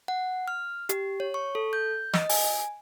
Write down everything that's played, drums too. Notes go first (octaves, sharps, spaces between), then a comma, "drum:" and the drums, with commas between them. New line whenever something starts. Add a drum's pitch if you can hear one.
F#5
F6
G4, drum: hi-hat
C#5
C#6
A4
G6
D#5, drum: snare
G#5, drum: open hi-hat